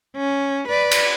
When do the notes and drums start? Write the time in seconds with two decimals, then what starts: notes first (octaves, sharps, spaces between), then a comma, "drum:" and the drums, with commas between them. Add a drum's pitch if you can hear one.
0.17 C#4
0.68 B4 D5
0.91 drum: cymbal